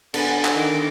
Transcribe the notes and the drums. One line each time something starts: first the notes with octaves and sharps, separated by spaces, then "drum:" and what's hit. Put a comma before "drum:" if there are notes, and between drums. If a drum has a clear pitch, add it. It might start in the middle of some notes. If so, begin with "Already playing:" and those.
D3 B3 G#5, drum: cymbal
drum: clap
D#3 D6 A#6